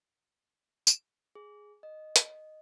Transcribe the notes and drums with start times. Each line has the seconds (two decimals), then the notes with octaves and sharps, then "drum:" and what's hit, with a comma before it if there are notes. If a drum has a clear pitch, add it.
0.87 drum: tambourine
1.35 G#4
1.83 D#5
2.16 drum: hi-hat